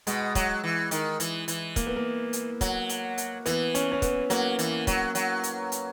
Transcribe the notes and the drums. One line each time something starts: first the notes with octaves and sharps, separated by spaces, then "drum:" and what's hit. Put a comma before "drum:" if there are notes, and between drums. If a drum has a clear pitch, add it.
B2 G#3, drum: hi-hat
F#3, drum: kick, hi-hat
E3
D#3, drum: hi-hat
E3, drum: hi-hat
E3, drum: hi-hat
A#3, drum: kick, hi-hat
B3
A#3
drum: hi-hat
F#3, drum: kick, hi-hat
drum: hi-hat
drum: hi-hat
E3 B3, drum: hi-hat
C#4, drum: hi-hat
C#4
B3, drum: kick, hi-hat
F#3 A#3, drum: hi-hat
E3, drum: hi-hat
F#3, drum: kick, hi-hat
F#3, drum: hi-hat
drum: hi-hat
drum: hi-hat